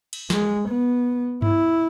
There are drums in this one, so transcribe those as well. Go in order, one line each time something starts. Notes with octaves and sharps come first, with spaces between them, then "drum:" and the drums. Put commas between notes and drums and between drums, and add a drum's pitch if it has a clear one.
drum: cymbal
G#3, drum: snare
B3
E4, drum: tom G2